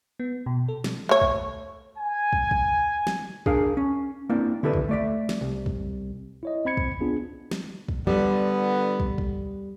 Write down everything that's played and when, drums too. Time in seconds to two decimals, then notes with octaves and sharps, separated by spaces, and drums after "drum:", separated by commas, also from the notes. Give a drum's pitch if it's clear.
0.20 B3
0.46 B2
0.68 A4
0.84 drum: snare
1.09 A3 C#5
1.21 drum: kick
1.98 G#5
2.33 drum: kick
2.51 drum: kick
3.07 drum: snare
3.46 D4 G#4 A#4 F5, drum: kick
3.77 C#4
4.29 A#3 C4 D4 E4
4.63 D3 E4 G4 A4 B4
4.73 drum: kick
4.89 A3 D5 E5
5.29 drum: snare
5.41 C2
5.66 drum: kick
6.43 E4 C#5 D#5
6.65 C4 C5 B5 G#6 C#7
6.77 drum: kick
7.01 B3 D4 F4 G#4
7.51 drum: snare
7.88 drum: kick
8.07 D3 G3 B3
9.00 drum: kick
9.18 drum: kick